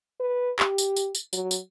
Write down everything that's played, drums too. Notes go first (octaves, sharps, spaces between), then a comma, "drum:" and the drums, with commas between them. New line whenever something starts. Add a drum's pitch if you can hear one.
B4
G4, drum: clap
drum: tambourine
drum: tambourine
drum: tambourine
F#3, drum: tambourine
drum: tambourine